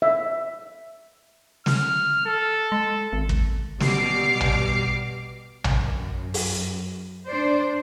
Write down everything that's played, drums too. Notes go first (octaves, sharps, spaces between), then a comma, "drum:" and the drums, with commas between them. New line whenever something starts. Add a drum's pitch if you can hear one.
E5
F6, drum: snare
A4
G#3
G#1
drum: kick
B2 G3 D6 F6 C7, drum: snare
drum: tom A#1
F#2, drum: tom A#1
drum: open hi-hat
D4 C5 D5